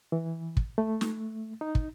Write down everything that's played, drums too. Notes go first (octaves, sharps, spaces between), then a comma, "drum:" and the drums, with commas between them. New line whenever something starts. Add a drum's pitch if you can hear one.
E3
drum: kick
A3
drum: snare
D#4
drum: kick